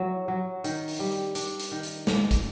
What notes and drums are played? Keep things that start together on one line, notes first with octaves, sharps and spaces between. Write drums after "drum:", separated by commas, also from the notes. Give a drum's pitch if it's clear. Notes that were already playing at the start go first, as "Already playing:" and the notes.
Already playing: F#3 E4
F#3
D#3, drum: hi-hat
drum: open hi-hat
G3
drum: hi-hat
D4, drum: hi-hat
drum: hi-hat
D#3
drum: hi-hat
A#3, drum: snare
drum: kick, hi-hat